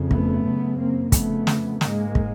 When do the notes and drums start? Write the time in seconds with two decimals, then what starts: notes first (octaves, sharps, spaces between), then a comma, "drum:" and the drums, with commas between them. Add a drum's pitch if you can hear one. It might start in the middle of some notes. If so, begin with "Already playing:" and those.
Already playing: F2 C#3
0.11 A3 B3, drum: kick
0.44 F#2 C#3
0.78 A#3 C4
1.12 F2 C#3 A3 B3, drum: kick, hi-hat
1.47 drum: snare
1.81 G#2 G#3 A#3, drum: snare
2.15 drum: kick